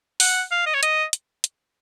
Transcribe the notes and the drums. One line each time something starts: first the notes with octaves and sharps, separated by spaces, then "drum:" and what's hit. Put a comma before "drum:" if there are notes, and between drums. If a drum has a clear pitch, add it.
F#5, drum: open hi-hat
F5
D#5
C#5
D#5, drum: hi-hat
drum: hi-hat
drum: hi-hat